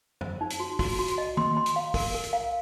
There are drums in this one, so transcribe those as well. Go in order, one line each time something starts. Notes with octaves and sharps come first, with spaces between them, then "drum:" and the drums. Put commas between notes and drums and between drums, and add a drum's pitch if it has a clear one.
C5, drum: tom F#2
D#4
drum: hi-hat
F#4
F#4, drum: kick, open hi-hat
F#4
drum: hi-hat
D#5
C6, drum: tom
C6
drum: hi-hat
F5
A#4, drum: kick, open hi-hat
A#4
drum: hi-hat
F5